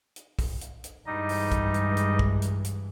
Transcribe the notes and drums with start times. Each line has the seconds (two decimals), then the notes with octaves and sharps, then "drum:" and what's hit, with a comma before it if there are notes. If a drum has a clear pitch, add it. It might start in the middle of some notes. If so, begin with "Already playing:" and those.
0.16 drum: hi-hat
0.39 drum: kick, open hi-hat
0.61 drum: hi-hat
0.84 drum: hi-hat
1.06 G2 E3 G3 G#3 D#4 D#5
1.29 drum: open hi-hat
1.52 drum: kick, hi-hat
1.74 drum: hi-hat
1.97 drum: hi-hat
2.19 drum: kick
2.42 drum: hi-hat
2.65 drum: hi-hat